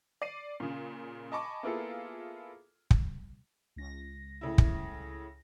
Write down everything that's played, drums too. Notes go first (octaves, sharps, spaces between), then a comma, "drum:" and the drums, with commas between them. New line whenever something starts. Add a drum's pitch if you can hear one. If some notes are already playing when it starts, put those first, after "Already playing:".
D5 C7 D#7
A#2 C#3
D#5 G#5 A5 B5 C#6 D6
A#3 B3 E4 F4 G#4 A4
drum: kick
C#2 A#6
A2 C#3 E4
drum: kick